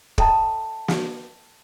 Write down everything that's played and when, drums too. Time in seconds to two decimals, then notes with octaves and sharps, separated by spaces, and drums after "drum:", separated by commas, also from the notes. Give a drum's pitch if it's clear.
0.18 A4 D#5 E5 G5 A5 A#5, drum: kick
0.88 drum: snare